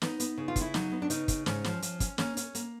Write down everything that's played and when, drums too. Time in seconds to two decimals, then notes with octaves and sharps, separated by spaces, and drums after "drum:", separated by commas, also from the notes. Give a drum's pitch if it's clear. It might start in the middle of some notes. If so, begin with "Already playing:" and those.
0.02 B3 D#4, drum: snare
0.20 B3, drum: hi-hat
0.38 C#3
0.48 F4
0.56 C#3, drum: kick, hi-hat
0.61 E4
0.74 F#3 D#4, drum: snare
0.92 B3
1.02 D4
1.10 C#3 D#4, drum: hi-hat
1.28 C#3, drum: kick, hi-hat
1.46 G#2 C#4, drum: snare
1.64 F3, drum: snare
1.82 F3, drum: hi-hat
2.00 C#4, drum: kick, hi-hat
2.18 A#3 C#4, drum: snare
2.37 C#4, drum: hi-hat
2.55 A#3, drum: hi-hat